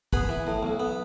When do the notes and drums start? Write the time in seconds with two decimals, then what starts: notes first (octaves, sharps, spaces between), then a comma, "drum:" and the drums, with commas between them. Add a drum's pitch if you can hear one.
0.13 B3 G#4 B4, drum: kick
0.29 E3
0.47 A2
0.63 B1
0.80 B3